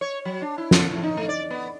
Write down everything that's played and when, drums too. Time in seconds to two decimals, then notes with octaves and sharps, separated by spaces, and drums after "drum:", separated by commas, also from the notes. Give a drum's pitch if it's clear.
0.01 C#5
0.25 F#3
0.42 D4
0.58 E4
0.71 D3, drum: snare
0.91 A2
1.03 D#4
1.17 A3
1.29 D5
1.51 B3